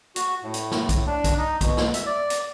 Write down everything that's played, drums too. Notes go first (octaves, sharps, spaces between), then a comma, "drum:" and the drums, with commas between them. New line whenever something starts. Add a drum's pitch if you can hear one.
F#4, drum: hi-hat
A2
drum: hi-hat
drum: snare
drum: kick B1, hi-hat
D4
drum: kick B1, hi-hat
D#4
B2, drum: kick B1, hi-hat
drum: snare
E5, drum: hi-hat
D5
drum: hi-hat